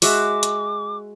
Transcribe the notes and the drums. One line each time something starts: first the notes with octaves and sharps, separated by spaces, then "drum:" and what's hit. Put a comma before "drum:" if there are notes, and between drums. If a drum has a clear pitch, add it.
G#3 F#4 E5 D6, drum: open hi-hat
drum: hi-hat